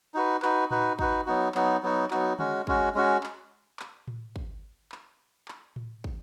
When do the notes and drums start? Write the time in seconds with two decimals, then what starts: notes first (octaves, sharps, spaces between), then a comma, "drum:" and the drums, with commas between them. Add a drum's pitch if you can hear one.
0.14 D#4 F#4 B4
0.42 D#4 F#4 B4, drum: clap
0.71 D#4 F#4 B4, drum: tom A2
0.99 D#4 F#4 B4, drum: kick
1.26 F#3 B3 D#4 F#4
1.54 F#3 B3 D#4 F#4, drum: clap
1.83 F#3 B3 D#4 F#4
2.11 F#3 B3 D#4 F#4, drum: clap
2.39 G#3 C#4 F#4, drum: tom D3
2.67 G#3 C#4 F#4, drum: kick
2.95 G#3 C#4 F#4
3.23 drum: clap
3.79 drum: clap
4.08 drum: tom A2
4.36 drum: kick
4.92 drum: clap
5.48 drum: clap
5.76 drum: tom A2
6.04 drum: kick